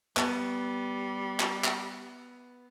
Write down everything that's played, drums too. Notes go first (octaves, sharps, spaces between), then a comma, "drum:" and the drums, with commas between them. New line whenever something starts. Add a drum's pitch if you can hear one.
G3 B3, drum: clap
drum: clap
drum: clap